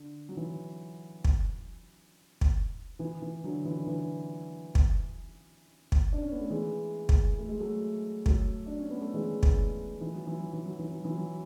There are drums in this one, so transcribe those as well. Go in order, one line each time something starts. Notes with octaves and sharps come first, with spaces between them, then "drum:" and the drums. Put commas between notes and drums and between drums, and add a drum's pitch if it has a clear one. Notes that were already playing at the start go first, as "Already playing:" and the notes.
Already playing: D3
F#3
E3
drum: kick
drum: kick
E3
E3
D3 F#3
E3
D3
E3
drum: kick
drum: kick
D4
C#4
B3
A3
E3 G#3
drum: kick
A3
G#3
F#3 A3
F#3 A3, drum: kick
D4
C#4
B3
A3
E3 G#3
drum: kick
E3
F#3
E3
F#3
E3
F#3
E3
F#3
E3
F#3